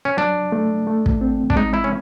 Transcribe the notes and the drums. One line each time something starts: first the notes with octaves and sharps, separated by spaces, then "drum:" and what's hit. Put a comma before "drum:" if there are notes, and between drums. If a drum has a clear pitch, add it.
C#4
F#3 D4
A3
A3
drum: kick
C4
D4, drum: kick
G#3 D#4
E4
C#4